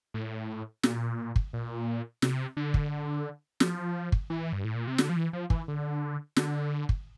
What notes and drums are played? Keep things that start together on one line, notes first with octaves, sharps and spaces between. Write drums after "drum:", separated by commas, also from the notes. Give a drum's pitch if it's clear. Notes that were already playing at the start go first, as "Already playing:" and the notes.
A2
A#2, drum: snare
drum: kick
A#2
C3, drum: snare
D3
drum: kick
F3, drum: snare
drum: kick
E3
G2
A2
A#2
C3
D3, drum: snare
F3
E3
F3
E3, drum: kick
D3
D3, drum: snare
drum: kick